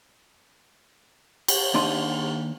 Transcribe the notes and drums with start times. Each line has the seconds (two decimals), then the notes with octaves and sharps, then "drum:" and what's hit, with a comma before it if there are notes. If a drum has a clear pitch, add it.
1.48 drum: cymbal
1.74 D#2 D4 D#4 C6